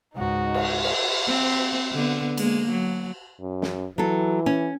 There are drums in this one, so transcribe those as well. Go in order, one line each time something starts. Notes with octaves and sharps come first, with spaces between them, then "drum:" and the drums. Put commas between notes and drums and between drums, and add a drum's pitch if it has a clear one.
C#2 G#2 D#4 F#4
drum: cymbal
drum: cymbal
C4
D3 B3
G#3 A#3, drum: cymbal
F#3
F#2
drum: snare
E3 F#3 A4
C#4